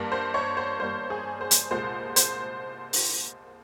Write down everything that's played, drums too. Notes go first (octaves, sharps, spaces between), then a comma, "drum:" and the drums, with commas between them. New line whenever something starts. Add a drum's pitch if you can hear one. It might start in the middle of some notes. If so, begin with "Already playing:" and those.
Already playing: G2 G3 A#3
C5
C#5
C5
G2 G3 A#3 C5
G#4
C5
drum: hi-hat
C2 A#2 G#3 C5
C5, drum: hi-hat
drum: open hi-hat